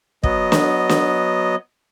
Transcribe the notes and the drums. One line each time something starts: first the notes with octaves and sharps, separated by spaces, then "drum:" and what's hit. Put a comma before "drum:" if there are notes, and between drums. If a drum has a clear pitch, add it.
F#3 B3 D#5, drum: kick
drum: snare
drum: snare